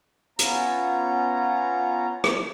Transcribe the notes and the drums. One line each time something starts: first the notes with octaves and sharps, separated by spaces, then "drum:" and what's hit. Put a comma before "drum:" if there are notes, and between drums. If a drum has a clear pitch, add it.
B3 C#4 F4 A#5, drum: hi-hat
drum: rim click